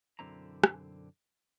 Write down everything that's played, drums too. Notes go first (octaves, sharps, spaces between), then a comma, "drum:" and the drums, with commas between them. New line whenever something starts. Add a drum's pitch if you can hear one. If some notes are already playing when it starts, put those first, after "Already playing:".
B1 F#2 D3 C4 E4 A#5
drum: rim click